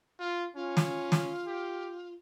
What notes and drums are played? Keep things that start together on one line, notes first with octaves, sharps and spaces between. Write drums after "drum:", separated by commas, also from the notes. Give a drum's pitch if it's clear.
F4
C#4 F4
drum: snare
drum: snare
G4